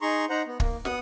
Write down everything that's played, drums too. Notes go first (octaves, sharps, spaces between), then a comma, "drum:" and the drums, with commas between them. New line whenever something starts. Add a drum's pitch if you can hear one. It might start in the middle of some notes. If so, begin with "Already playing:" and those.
D#4 G#4 A#5 C6 C#6
D#4 C5 F#5 A#5
B3
A#3, drum: kick
B3 F#5 D#6, drum: snare